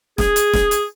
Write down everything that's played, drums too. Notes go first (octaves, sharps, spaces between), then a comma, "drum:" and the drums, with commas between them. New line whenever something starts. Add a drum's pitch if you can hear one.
G#4, drum: snare
drum: hi-hat
drum: snare
drum: hi-hat